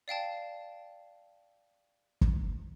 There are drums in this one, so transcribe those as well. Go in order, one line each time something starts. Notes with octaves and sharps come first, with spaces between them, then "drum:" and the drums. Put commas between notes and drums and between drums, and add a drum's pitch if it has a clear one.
D5 F5 G5 A5
drum: kick